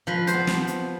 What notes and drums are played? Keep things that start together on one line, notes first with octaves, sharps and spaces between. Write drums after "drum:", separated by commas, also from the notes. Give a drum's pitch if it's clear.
F3 B4
C5, drum: hi-hat
B3
drum: snare
drum: hi-hat